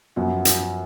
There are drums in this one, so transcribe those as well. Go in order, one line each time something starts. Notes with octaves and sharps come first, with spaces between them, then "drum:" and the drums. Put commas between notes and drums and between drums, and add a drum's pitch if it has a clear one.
F#2 F3 B3 F#4
drum: hi-hat